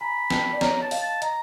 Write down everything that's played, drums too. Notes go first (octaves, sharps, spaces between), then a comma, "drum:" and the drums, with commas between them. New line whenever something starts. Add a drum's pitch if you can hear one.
G#5 A#5 B5
G5 A5, drum: snare
D5
C#5 D#5 A#5, drum: snare
A5
D#5 F5, drum: open hi-hat
A5
D#5 A#5, drum: hi-hat